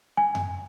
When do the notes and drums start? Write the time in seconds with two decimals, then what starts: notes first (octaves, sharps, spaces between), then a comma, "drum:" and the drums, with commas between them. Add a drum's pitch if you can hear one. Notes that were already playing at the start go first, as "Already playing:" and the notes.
0.17 G#5
0.35 drum: tom F#2